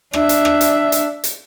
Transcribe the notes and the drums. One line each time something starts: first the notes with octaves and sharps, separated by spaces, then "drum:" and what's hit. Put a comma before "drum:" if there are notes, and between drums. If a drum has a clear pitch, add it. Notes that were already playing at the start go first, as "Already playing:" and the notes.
D4 E5, drum: rim click
drum: hi-hat
drum: rim click
drum: hi-hat
drum: hi-hat
drum: hi-hat